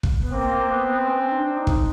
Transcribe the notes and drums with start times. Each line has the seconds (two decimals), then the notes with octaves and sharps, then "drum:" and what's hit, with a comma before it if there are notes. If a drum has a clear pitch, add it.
0.03 drum: kick
0.20 B3
0.32 A#3 C4
0.69 B3
1.06 C#4
1.31 D#4
1.35 D4
1.56 D#4
1.67 drum: kick